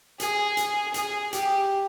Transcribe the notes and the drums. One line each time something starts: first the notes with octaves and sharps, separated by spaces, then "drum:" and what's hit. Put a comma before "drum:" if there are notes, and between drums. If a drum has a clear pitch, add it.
G#4, drum: hi-hat
drum: hi-hat
G#4, drum: hi-hat
G4, drum: hi-hat